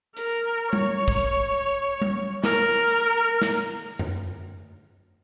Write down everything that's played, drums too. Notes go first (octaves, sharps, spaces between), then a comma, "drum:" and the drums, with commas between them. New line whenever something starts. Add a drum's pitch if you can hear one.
A#4, drum: hi-hat
C#5, drum: tom G3
drum: kick
drum: tom G3
A#4, drum: snare
drum: hi-hat
drum: snare
drum: tom F#2